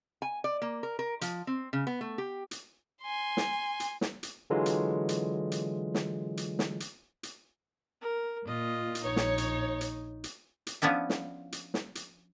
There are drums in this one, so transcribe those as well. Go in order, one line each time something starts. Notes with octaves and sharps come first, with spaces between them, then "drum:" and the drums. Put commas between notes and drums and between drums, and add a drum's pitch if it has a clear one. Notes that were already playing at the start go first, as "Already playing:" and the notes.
G#5
D5
A#3
A#4
A#4
F3, drum: hi-hat
C4
C#3
B3
A3
G4
drum: hi-hat
G#5 C6
drum: snare
drum: hi-hat
drum: snare
drum: hi-hat
D3 E3 F#3 G#3 F4
drum: hi-hat
drum: hi-hat
drum: hi-hat
drum: snare
drum: hi-hat
drum: snare
drum: hi-hat
drum: hi-hat
A#4
A#2 F4 D#5
drum: hi-hat
A#1 D#4 C#5
drum: snare
drum: hi-hat
drum: hi-hat
drum: hi-hat
drum: hi-hat
F3 B3 C#4 D4 E4
drum: snare
drum: hi-hat
drum: snare
drum: hi-hat